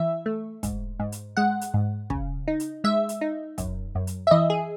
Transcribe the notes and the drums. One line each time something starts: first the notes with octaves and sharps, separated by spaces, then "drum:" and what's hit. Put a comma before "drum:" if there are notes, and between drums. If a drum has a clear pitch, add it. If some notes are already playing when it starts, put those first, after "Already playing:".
Already playing: E3 E5
A3
G#2, drum: kick, hi-hat
G#2
drum: hi-hat
G#3 F#5
drum: hi-hat
G#2
C#3, drum: kick
D#4
drum: hi-hat
G#3 E5
drum: hi-hat
D#4
F#2, drum: kick, hi-hat
F#2
drum: hi-hat
E5
E3 D#5
G#4